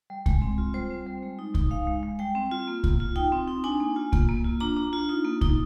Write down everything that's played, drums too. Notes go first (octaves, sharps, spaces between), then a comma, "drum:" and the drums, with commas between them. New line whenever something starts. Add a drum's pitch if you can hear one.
G3
G#3, drum: kick C2
C4
F4
G3 C5
C4
G3
G#3
D#4
D#4, drum: kick C2
G#3 F5
G#3
G#3
G3 G5
C4
F4
A#3
F4, drum: kick C2
F4
D#4 G5
C4
D#4
D4 G#5
A#3
F4
A#3, drum: kick C2
A#3
F4
D4 A#5
D4
F4
D#4
A#3
D#4, drum: kick C2